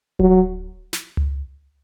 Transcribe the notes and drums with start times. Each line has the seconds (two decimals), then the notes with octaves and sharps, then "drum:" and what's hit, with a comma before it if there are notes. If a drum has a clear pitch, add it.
0.19 F#3, drum: kick D1
0.93 drum: snare
1.17 drum: tom C#2